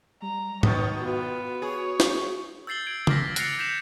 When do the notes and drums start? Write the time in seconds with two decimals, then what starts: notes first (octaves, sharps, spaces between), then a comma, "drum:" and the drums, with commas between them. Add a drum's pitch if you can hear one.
0.22 G3 A#5
0.63 B2 D#3 C#5 D#6, drum: tom G#2
1.01 B3 F4 F#4
1.62 G#4 C#5
2.00 drum: snare
2.67 E6 G6 A6 C7 F#7 G7
2.86 G#6 D7
3.07 D6 E6 F6 A#6 B6, drum: tom C#3
3.36 F#6 A6 A#6 C7 C#7 F7, drum: hi-hat
3.59 G6 B6 C#7 E7 F7